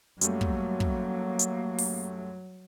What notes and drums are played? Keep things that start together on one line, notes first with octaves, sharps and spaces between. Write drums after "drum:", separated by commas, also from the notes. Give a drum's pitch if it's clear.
F#2 F#3 G3 A3 A#3, drum: hi-hat
drum: kick
drum: kick
drum: hi-hat
drum: open hi-hat